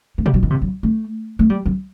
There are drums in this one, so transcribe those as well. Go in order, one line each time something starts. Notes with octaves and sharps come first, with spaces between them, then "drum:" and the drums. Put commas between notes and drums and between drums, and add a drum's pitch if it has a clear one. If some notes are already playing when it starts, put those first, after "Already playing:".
A3
G3, drum: tom
F#3
D#3
C3
F#3
A3
A3
G3
F#3